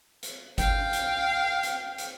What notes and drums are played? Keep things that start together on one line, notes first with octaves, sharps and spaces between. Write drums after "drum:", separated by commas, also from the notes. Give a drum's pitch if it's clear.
drum: hi-hat
F5 G5, drum: kick G1, hi-hat
drum: hi-hat
drum: hi-hat
drum: hi-hat